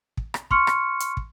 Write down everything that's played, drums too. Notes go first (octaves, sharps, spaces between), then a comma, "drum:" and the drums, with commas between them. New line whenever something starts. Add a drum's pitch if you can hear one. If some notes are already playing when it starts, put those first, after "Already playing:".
drum: kick
drum: rim click
C6 C#6 F6 C#7, drum: kick
drum: rim click
drum: hi-hat
drum: kick